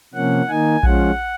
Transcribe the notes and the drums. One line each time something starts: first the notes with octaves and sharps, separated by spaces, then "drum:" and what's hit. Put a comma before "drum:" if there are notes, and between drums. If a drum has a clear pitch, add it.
C3 F3 A#3 C#4 F#5
D#3 A#3 D#4 G#5
F3 G#3 C#4 F4 F#5, drum: kick A#1